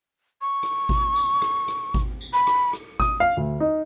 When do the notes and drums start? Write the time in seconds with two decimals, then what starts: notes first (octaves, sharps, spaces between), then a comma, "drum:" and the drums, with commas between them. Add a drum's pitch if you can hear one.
0.42 C#6
0.63 drum: rim click
0.89 drum: kick G#1
1.16 drum: tambourine
1.42 drum: rim click
1.68 drum: rim click
1.94 drum: kick G#1
2.21 drum: tambourine
2.33 B5
2.47 drum: rim click
2.73 drum: rim click
3.00 D#6, drum: kick G#1
3.20 F5
3.37 D2
3.60 D#4